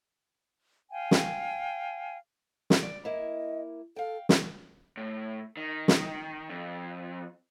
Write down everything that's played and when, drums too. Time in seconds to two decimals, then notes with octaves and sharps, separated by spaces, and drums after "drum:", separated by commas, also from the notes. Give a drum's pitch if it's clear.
0.91 F5 G5 G#5
1.11 drum: snare
2.70 drum: snare
2.83 D5
3.05 A#3 E4 D#5
3.96 A4 F5 G5
4.29 drum: snare
4.97 A2
5.57 D#3
5.88 drum: snare
6.50 F2